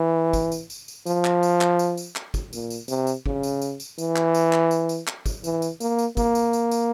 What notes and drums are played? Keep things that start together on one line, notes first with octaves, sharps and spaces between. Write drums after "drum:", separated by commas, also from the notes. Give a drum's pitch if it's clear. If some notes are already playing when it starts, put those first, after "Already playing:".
Already playing: E3
drum: kick, tambourine
drum: tambourine
drum: tambourine
drum: tambourine
F3, drum: tambourine
drum: clap
drum: tambourine
drum: clap
drum: tambourine
drum: tambourine
drum: clap
drum: kick, tambourine
A#2, drum: tambourine
drum: tambourine
C3, drum: tambourine
drum: tambourine
C#3, drum: kick
drum: tambourine
drum: tambourine
drum: tambourine
E3, drum: tambourine
drum: clap
drum: tambourine
drum: clap
drum: tambourine
drum: tambourine
drum: clap
drum: kick, tambourine
E3, drum: tambourine
drum: tambourine
A#3, drum: tambourine
drum: tambourine
A#3, drum: kick, tambourine
drum: tambourine
drum: tambourine
drum: tambourine